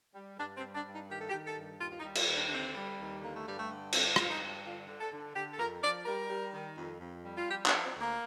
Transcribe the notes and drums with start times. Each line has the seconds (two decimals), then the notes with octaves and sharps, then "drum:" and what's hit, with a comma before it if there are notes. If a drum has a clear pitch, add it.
0.14 G3
0.38 G2 D4
0.57 C4
0.63 G3
0.75 D4
0.86 G2
0.92 D#4
1.09 D#3 G4
1.19 A4
1.29 G4
1.33 D#3
1.45 A4
1.57 G2
1.80 D#2 F4
1.91 F4
1.99 D#4
2.04 G3
2.15 F4, drum: cymbal
2.28 D#2
2.33 D4
2.47 D4
2.51 D3 C4
2.75 G3
2.99 D#2
3.22 D3 A#3
3.35 A3
3.45 G2 G3
3.57 A3
3.70 D3
3.93 G2 C4, drum: cymbal
4.16 G2 F4, drum: rim click
4.28 D#4
4.41 G2
4.64 D3 F4
4.87 D3
4.99 A4
5.11 D3
5.35 D3 G4
5.52 A4
5.59 F2 A#4
5.82 F3 D5
6.05 G3 A#4
6.30 G3
6.53 D#3
6.77 F2
7.00 F2
7.24 G3
7.36 F4
7.47 F3 G4
7.66 D4, drum: clap
7.72 F3
7.83 C4
7.95 D2
8.00 A#3